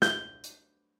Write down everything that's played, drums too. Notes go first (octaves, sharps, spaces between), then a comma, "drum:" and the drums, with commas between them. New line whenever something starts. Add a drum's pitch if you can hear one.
G6, drum: snare
drum: hi-hat